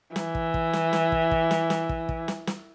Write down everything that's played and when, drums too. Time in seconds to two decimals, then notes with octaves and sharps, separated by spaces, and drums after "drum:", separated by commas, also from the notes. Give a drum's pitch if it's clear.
0.16 E3, drum: snare
0.35 drum: kick
0.54 drum: kick
0.73 drum: snare
0.93 drum: snare
1.12 drum: kick
1.31 drum: kick
1.51 drum: snare
1.70 drum: snare
1.89 drum: kick
2.09 drum: kick
2.28 drum: snare
2.47 drum: snare